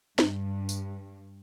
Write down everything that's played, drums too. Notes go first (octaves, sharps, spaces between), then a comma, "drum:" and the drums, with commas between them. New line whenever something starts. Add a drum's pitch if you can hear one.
G2, drum: snare
drum: tambourine